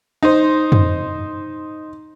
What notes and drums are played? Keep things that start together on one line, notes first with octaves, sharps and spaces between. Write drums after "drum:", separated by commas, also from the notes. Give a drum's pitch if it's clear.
D#4 C5
drum: tom